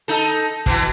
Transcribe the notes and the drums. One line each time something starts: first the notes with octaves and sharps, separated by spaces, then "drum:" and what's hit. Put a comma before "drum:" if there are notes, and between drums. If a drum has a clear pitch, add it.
D#4 A4
B2 E3, drum: kick, hi-hat